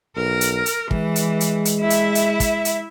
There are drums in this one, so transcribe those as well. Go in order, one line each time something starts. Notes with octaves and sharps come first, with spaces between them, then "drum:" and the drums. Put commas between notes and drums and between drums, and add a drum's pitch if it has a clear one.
B1 A#4
drum: hi-hat
drum: hi-hat
E3 G#3, drum: kick
drum: hi-hat
drum: hi-hat
drum: hi-hat
E4 E5
drum: hi-hat
drum: hi-hat
drum: kick, hi-hat
drum: hi-hat